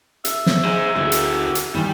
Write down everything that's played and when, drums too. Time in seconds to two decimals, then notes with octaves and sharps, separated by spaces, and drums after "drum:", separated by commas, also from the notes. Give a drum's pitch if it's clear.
0.25 E5, drum: hi-hat
0.46 drum: snare
0.64 G#4 C5
0.96 D2 F#4 G#4
1.12 drum: hi-hat
1.55 drum: hi-hat
1.75 D#3 E3 G3